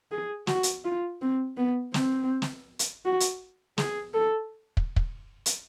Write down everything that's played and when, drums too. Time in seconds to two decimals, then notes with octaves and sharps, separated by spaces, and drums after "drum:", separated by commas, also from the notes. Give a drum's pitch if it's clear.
0.12 G#4
0.47 F#4, drum: snare
0.63 drum: hi-hat
0.84 F4
1.22 C4
1.57 B3
1.94 C4, drum: snare
2.42 drum: snare
2.79 drum: hi-hat
3.05 F#4
3.20 drum: hi-hat
3.78 G#4, drum: snare
4.14 A4
4.77 drum: kick
4.96 drum: kick
5.46 drum: hi-hat